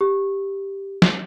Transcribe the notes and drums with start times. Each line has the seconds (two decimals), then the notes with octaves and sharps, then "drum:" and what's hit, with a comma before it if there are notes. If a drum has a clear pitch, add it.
0.01 G4
1.02 drum: snare